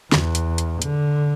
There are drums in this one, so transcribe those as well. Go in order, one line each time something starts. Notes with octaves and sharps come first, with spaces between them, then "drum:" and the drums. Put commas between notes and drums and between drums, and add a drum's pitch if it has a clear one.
E2, drum: snare
drum: hi-hat
drum: hi-hat
D3, drum: hi-hat